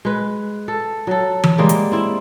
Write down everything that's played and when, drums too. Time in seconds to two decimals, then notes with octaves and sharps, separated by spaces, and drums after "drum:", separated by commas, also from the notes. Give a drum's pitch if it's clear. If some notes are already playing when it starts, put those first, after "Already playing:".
0.05 G#3 B4
0.68 A4
1.07 F#3 A4
1.44 drum: tom E3
1.58 G3 G#3 A#3
1.69 drum: hi-hat
1.92 C4 E4